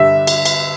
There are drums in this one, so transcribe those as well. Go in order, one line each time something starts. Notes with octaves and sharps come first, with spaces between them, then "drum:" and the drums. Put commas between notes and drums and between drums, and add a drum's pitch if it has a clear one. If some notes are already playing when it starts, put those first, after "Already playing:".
Already playing: G2 D3 G3 E5
drum: cymbal
drum: cymbal